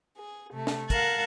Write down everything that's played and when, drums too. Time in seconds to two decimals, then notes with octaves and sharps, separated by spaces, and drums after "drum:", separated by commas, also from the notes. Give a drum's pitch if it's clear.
0.18 G#4
0.52 C3 A3
0.67 drum: snare
0.90 A#4 F5 F#5 A5 F#6 G#6, drum: kick, hi-hat